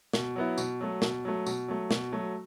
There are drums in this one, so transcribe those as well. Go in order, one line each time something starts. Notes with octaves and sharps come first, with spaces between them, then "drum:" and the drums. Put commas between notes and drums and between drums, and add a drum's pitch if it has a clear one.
B2, drum: snare
F#3 B3 E4
B2, drum: tambourine
F#3 A3
B2, drum: snare
F#3 A3
B2, drum: tambourine
F#3 A3
B2, drum: snare
F#3 A3